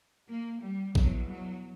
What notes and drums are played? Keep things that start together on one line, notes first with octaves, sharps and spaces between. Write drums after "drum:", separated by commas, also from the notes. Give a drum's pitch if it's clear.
A#3
G3
E2 B2 F#3, drum: kick A1
F#3